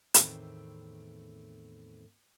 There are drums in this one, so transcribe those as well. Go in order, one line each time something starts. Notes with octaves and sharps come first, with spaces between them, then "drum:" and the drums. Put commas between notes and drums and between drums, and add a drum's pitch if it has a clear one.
E2 A2 D#3 A3 B3 C4, drum: hi-hat